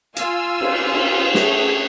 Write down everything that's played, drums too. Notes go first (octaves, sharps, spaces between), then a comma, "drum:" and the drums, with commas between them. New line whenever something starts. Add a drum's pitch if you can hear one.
F4 F5 G#5 E6, drum: hi-hat
drum: cymbal
drum: cymbal
A3 C#4 G#4, drum: snare